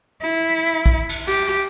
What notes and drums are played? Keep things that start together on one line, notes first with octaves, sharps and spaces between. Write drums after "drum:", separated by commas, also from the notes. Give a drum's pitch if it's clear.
E4
drum: kick A#1
drum: cymbal
G4, drum: cymbal